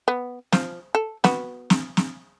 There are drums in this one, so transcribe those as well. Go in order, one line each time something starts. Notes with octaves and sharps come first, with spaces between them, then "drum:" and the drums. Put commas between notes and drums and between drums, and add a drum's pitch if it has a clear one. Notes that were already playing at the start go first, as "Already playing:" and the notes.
B3
F3, drum: snare
A4
B3 F#4, drum: snare
drum: snare
drum: snare